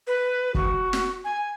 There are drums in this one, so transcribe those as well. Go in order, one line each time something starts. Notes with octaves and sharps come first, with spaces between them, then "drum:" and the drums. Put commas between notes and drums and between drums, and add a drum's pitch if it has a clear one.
B4
F#4, drum: kick
drum: snare
G#5